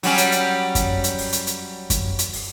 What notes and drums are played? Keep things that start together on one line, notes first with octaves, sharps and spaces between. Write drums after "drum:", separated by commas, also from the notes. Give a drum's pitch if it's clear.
F#3 G3 C#4, drum: open hi-hat
drum: hi-hat
drum: hi-hat
drum: kick F#2, hi-hat
drum: hi-hat
drum: open hi-hat
drum: hi-hat
drum: hi-hat
drum: kick F#2, hi-hat
drum: hi-hat
drum: open hi-hat